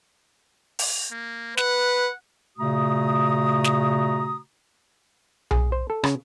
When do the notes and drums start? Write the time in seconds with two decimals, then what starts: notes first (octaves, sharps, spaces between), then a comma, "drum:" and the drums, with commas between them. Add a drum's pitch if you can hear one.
0.79 drum: open hi-hat
1.12 A#3
1.57 B4 F#5, drum: snare
2.58 A#2 C#3 A3 F#4 A#5 D#6
3.64 drum: snare
5.51 G#4, drum: tom B1
5.72 C5
5.90 A4
6.04 C#3, drum: rim click